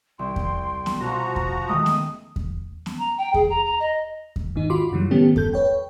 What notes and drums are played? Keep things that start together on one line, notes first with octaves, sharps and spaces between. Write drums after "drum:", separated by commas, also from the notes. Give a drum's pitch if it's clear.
C2 G5 C6
drum: kick E2
drum: snare B3
B2 F3 F#4 A#5
drum: kick E2
D#3 G#3 A3 D#6
drum: snare B3
drum: kick E2
drum: snare B3
A#5
G5
G#4, drum: kick E2
A#5
A#5
D#5
drum: kick E2
G#2 D#3 D#4
F4 F#4 B5 C6 D6
F#2 C#3 E3 F#3 G3
A2 D#3 A3 B3 C#4 G4
G2 A4 G6, drum: kick E2
B4 C#5 G5